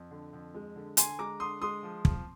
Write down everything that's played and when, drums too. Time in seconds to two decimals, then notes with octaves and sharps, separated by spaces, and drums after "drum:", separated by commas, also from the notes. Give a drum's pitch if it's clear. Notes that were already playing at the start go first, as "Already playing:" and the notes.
Already playing: F2
0.11 D3
0.33 F2
0.54 G#3
0.76 D3
0.97 D3 G#5 C6, drum: hi-hat
1.19 G#3 A#5 D6
1.40 D3 C6 D#6
1.62 G#3 C6 D#6
1.83 F3
2.05 F3, drum: kick